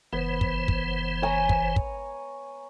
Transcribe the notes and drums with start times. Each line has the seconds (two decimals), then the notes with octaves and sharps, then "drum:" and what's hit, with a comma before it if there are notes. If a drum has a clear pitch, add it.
0.13 F#1 E3 B3 C5
0.41 drum: kick
0.68 drum: kick
1.22 C#5 G#5 A#5
1.49 drum: kick
1.76 drum: kick